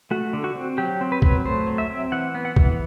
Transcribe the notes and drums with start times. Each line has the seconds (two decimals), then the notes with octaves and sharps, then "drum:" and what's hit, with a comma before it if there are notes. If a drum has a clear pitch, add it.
0.11 A3 F#4
0.33 D3
0.44 F#4
0.56 C4
0.78 F#3 G4
1.01 C4
1.12 B4
1.22 F#3, drum: kick C2
1.45 A3 C5
1.67 F#3
1.78 E5
1.90 C4
2.12 E3 F#5
2.35 B3
2.45 F#5
2.56 E3, drum: kick C2